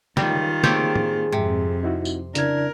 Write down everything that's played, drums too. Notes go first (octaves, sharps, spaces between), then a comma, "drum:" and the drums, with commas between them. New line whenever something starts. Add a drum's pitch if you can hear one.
C#2 D#3 G3 F4, drum: snare
A#3 C4 G4 G#4 C#5, drum: snare
drum: tom A2
F2 G#2 C3
D#4 E4 F#4
drum: tambourine
C#3 D4 E4 A#4 G#6, drum: hi-hat